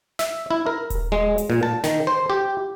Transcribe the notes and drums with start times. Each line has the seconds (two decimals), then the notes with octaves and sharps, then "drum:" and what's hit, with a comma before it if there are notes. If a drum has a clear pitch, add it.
0.19 E5, drum: snare
0.51 E4
0.67 A#4
0.90 drum: kick D#1, hi-hat
1.12 G#3
1.38 drum: hi-hat
1.50 A#2
1.63 A5
1.84 D#3, drum: snare
2.07 C5
2.30 G4